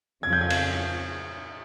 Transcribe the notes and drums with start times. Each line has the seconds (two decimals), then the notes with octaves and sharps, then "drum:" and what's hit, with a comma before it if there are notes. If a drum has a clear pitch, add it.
0.23 F2 C#3 F3 G#6
0.33 G6
0.41 G#6
0.50 drum: cymbal